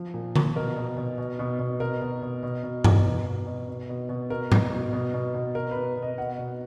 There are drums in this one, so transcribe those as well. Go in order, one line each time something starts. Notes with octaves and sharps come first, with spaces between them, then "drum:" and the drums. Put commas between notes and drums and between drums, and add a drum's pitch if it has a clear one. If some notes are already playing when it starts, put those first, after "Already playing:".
Already playing: F3
A#2
F3, drum: tom D3
B2 A#4
B2
B2
B2
B2
B2
B2 A#4
B2
B2
B2
B2
B2, drum: tom G2
B2
B2
B2
B2
B2
B2
B2 A#4
B2, drum: tom G#2
B2
B2
B2
B2
B2 A#4
B4
B2
B2
D#5
B2 F#5
B2